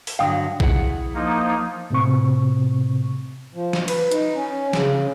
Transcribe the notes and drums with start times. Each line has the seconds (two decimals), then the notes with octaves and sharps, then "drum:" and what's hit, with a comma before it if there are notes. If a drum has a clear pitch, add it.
0.07 drum: open hi-hat
0.19 G2 D3 F#3 F5 G5 D#6
0.60 E4 G#4 F#5, drum: kick
1.14 F3 A#3 D#4
1.90 A2 C3 C4 C#6
3.55 F3
3.73 drum: snare
3.88 B4, drum: cymbal
4.11 D#4, drum: hi-hat
4.35 C#4
4.73 C#3, drum: snare